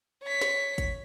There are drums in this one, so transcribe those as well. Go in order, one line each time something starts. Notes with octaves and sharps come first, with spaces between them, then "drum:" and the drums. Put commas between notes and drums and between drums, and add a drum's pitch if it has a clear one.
C#5 B6
drum: snare
drum: kick, hi-hat